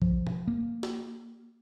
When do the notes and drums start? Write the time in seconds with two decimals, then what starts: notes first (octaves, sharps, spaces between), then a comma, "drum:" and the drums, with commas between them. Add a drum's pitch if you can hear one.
0.02 F3, drum: kick
0.27 drum: tom B2
0.48 A#3
0.83 drum: snare